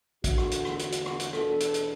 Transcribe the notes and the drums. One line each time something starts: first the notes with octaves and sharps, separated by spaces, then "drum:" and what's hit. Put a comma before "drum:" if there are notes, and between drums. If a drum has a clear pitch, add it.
E2 D3 A3 D4 F#4, drum: kick, hi-hat
drum: rim click
drum: hi-hat
drum: rim click
F#4, drum: hi-hat
drum: hi-hat
drum: rim click
drum: hi-hat
E2 B2 B3 D4 A4, drum: rim click
drum: hi-hat
drum: hi-hat